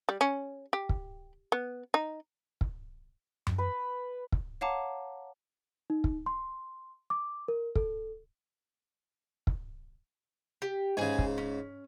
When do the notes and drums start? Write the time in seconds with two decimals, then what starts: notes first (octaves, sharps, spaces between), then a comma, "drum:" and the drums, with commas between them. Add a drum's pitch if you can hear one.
0.09 G3
0.21 C#4
0.73 G4
0.89 drum: kick
1.52 B3
1.94 D#4
2.61 drum: kick
3.47 drum: tom F#2
3.58 B4 B5
4.32 drum: kick
4.61 C#5 F5 F#5 A5 A#5 D6
5.90 D#4
6.04 drum: kick
6.26 C6
7.10 D6
7.48 A#4
7.75 A4, drum: kick
9.47 drum: kick
10.62 G4
10.97 G#2 C#3 G#4 G#5
11.19 drum: kick
11.38 C#4